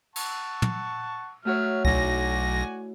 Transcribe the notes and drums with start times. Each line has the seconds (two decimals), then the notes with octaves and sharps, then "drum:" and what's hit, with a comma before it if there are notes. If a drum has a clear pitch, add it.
0.16 F#5 A5 C#6, drum: cymbal
0.62 drum: tom
1.45 F#3 A3 F#4 C#5 E5 F6
1.85 B1 E4 F#4 D5 G#5 A#6, drum: kick C#2